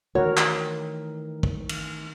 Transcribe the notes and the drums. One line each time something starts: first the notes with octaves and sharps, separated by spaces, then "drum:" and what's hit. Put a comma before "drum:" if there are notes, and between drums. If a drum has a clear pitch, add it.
D#3 E3 A3 F#4 A#4 C#5
drum: clap
drum: kick
drum: cymbal